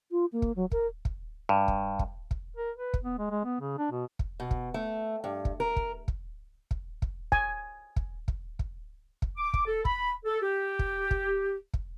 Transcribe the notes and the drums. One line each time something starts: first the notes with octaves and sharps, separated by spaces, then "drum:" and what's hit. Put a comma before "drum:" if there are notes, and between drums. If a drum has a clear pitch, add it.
F4
A#3
drum: kick
F#3
A#4, drum: kick
drum: kick
G2
drum: kick
drum: kick
drum: kick
A#4
B4
drum: kick
B3
G#3
G#3
B3
C#3
D4
B2
drum: kick
B2
drum: kick
A3
G2
drum: kick
A#4
drum: kick
drum: kick
drum: kick
drum: kick
G#5, drum: kick
drum: kick
drum: kick
drum: kick
drum: kick
D6
drum: kick
A4
B5, drum: kick
A4
G4
drum: kick
drum: kick
drum: kick